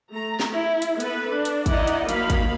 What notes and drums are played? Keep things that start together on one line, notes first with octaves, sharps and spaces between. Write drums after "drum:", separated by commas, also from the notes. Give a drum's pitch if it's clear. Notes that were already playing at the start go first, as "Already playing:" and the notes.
A3 A#5
drum: snare
E4
drum: hi-hat
B3 A4 B4, drum: hi-hat
D4
drum: hi-hat
D#4 E4 D5 D#5 F#5, drum: kick, hi-hat
drum: hi-hat
F#3 A#3 D#4 F5 B5, drum: hi-hat
drum: kick, hi-hat